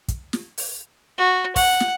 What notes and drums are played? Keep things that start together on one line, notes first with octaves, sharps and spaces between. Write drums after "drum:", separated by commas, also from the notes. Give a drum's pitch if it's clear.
drum: kick, hi-hat
drum: snare
drum: open hi-hat
F#4
F#5, drum: kick, open hi-hat
drum: snare